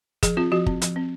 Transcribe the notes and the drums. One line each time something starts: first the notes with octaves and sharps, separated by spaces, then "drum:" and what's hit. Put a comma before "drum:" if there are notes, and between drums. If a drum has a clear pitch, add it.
F3 G#4, drum: kick G1, hi-hat
C4 F4
F3 F#4
C4, drum: kick G1
F3, drum: hi-hat
C4